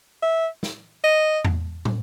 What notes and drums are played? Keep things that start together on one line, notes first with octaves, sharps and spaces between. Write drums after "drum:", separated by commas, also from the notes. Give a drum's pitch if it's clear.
E5
drum: snare
D#5
drum: tom E2
drum: tom